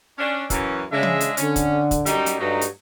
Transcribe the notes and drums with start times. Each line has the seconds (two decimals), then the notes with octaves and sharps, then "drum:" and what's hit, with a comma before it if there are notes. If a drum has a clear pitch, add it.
0.18 C#4 D4
0.50 F#2 E3 C#4, drum: kick, hi-hat
0.91 C#3 G#3 D4 E5
1.03 drum: tom
1.20 drum: hi-hat
1.37 D3 C#4, drum: hi-hat
1.56 drum: kick, hi-hat
1.91 drum: kick, hi-hat
2.06 F#2 G3 D#4, drum: hi-hat
2.26 drum: hi-hat
2.39 G2 F#3 A3 D#4
2.61 drum: hi-hat